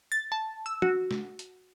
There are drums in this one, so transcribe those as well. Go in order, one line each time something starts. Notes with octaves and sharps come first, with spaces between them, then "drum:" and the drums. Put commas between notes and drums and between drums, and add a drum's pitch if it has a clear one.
A6
A5
E6
F#4, drum: tom
drum: snare
drum: hi-hat